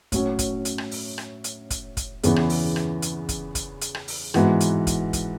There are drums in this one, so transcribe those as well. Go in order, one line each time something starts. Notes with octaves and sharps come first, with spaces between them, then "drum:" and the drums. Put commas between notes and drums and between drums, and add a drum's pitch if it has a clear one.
A2 F#3 C#4, drum: kick, hi-hat
drum: kick, hi-hat
drum: hi-hat
drum: rim click
drum: open hi-hat
drum: rim click
drum: hi-hat
drum: kick, hi-hat
drum: kick, hi-hat
E2 C#3 E3 B3, drum: hi-hat
drum: rim click
drum: open hi-hat
drum: rim click
drum: hi-hat
drum: kick, hi-hat
drum: kick, hi-hat
drum: hi-hat
drum: rim click
drum: open hi-hat
G#2 E3 B3 F#4, drum: rim click
drum: hi-hat
drum: kick, hi-hat
drum: kick, hi-hat